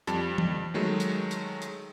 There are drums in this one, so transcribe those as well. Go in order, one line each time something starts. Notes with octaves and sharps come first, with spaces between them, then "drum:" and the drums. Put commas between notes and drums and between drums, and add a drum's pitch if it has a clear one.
F2 G3 A5, drum: hi-hat
drum: tom
D#3 F#3 G#3 A3
drum: hi-hat
drum: hi-hat
drum: hi-hat